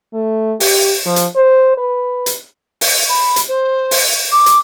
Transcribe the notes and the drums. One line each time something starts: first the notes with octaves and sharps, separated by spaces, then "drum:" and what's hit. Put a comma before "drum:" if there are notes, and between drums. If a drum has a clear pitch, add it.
A3
G4, drum: open hi-hat
F3
drum: hi-hat
C5
B4
drum: hi-hat
drum: open hi-hat
B5
drum: hi-hat
C5
drum: open hi-hat
D6
drum: hi-hat